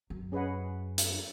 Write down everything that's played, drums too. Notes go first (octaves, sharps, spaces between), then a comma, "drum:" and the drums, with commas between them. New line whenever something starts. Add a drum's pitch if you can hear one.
F#2
C#4 G#4 B4 D#5 F#5
drum: hi-hat